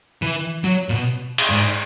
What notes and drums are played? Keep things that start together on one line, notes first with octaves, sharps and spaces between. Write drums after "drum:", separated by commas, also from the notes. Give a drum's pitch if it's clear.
E3
F#3
A#2
B2
drum: cymbal
G#2